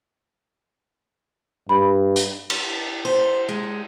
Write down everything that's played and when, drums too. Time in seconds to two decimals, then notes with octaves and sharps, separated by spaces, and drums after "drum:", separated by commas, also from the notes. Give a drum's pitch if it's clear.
1.69 G2 B5
2.16 drum: hi-hat
2.50 drum: cymbal
3.05 C5
3.49 G#3